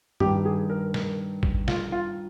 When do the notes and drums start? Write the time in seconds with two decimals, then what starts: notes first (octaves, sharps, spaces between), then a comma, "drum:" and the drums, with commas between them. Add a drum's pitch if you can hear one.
0.20 G2 D#3 G4, drum: tom G2
0.45 G#4
0.70 A#4
0.94 A#4, drum: snare
1.43 drum: kick
1.68 F4, drum: snare
1.92 F4